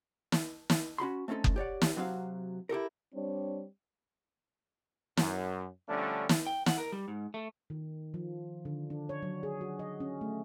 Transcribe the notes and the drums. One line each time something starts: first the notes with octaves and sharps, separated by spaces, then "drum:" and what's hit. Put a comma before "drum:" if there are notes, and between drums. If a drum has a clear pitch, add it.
drum: snare
drum: snare
C#4 F#4 B5 C6
A3 C4 C#4 D#4 A4
drum: kick F#1
G4 C#5 D5 F#5
drum: snare
C3 F#3 C4 F#4 F5
E4 G4 A4 A#4
G3 C4 D4 C#5
F#2, drum: snare
D3 F3 G3 A3 C#4 D4
drum: snare
G5
F#5, drum: snare
A#4
G3
G#2
A3
D#3
F3
D3
D4
C#5
F#3
G#4
F#4
D#5
C#4
A3